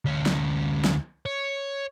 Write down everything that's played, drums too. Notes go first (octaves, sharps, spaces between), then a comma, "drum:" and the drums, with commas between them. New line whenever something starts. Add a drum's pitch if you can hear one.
D2 C#4
drum: snare
drum: snare
C#5